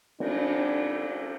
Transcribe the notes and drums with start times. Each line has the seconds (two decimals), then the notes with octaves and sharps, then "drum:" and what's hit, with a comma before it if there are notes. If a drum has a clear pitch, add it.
0.20 D4, drum: cymbal